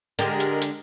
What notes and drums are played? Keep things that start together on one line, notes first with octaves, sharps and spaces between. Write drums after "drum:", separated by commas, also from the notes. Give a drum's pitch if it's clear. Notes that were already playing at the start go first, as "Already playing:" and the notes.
D3 G#3 G4 A#4, drum: hi-hat
drum: hi-hat
drum: hi-hat